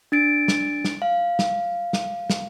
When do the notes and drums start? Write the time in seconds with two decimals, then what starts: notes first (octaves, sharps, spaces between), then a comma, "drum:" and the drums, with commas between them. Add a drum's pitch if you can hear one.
0.12 D4 A6 D7
0.48 drum: snare
0.85 drum: snare
1.02 F5
1.39 drum: snare
1.93 drum: snare
2.30 drum: snare